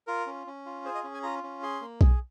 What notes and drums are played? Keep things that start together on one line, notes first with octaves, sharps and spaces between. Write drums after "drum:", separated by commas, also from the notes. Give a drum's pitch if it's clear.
F4 A#4
C#4
C#4
F4
G#4 C5
D#5
C#4
G#5
F4 A#5
C#4
G#4 C6
A#3
G#4, drum: kick B1